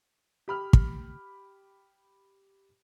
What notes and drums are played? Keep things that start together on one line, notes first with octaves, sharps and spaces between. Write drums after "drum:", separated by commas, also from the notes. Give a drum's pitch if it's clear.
G4 B5 F6
drum: kick